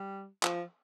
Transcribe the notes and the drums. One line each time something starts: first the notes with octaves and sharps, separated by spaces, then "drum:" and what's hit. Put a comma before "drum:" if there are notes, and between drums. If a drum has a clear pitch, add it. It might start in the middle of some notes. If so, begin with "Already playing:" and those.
Already playing: G3
F3, drum: clap